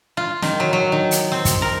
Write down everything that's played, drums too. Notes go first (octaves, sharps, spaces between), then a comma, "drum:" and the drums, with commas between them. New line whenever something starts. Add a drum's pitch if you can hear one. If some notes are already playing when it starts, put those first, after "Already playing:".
F4
D#3, drum: snare
F#3
F#3
D#3
drum: hi-hat
C4
drum: kick, hi-hat
A#4